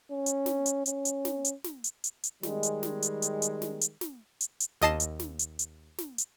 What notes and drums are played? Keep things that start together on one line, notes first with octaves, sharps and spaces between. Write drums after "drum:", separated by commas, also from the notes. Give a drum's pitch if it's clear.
C#4
drum: hi-hat
drum: snare
drum: hi-hat
C#4, drum: hi-hat
drum: hi-hat
drum: snare
drum: hi-hat
drum: snare
drum: hi-hat
drum: hi-hat
drum: hi-hat
D#3 G3 G#3, drum: snare
drum: hi-hat
drum: snare
drum: hi-hat
drum: hi-hat
drum: hi-hat
drum: snare
drum: hi-hat
drum: snare
drum: hi-hat
drum: hi-hat
D#2 D#5 A5 C7 E7, drum: snare
drum: hi-hat
drum: snare
drum: hi-hat
drum: hi-hat
drum: snare
drum: hi-hat